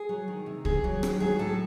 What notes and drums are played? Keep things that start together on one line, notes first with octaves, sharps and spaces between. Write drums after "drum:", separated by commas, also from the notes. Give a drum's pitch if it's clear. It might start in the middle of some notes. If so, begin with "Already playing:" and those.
Already playing: G#4
F#3
D#3
C3
E2 G#4, drum: kick
F#3
D#3, drum: rim click
F#3 G#4
A2 A4